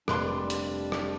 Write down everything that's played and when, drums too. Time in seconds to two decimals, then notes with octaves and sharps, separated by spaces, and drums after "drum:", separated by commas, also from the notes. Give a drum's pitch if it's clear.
0.08 F1 G3 A#3 D4 B4 C6 D6, drum: rim click
0.50 drum: hi-hat
0.92 drum: rim click